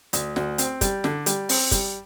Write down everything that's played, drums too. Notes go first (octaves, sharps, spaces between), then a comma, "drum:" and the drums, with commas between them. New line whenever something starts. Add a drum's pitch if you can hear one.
D2, drum: hi-hat
D2, drum: snare
C4, drum: hi-hat
G3, drum: kick, hi-hat
D3, drum: snare
G3, drum: hi-hat
C4, drum: open hi-hat
G3, drum: kick, hi-hat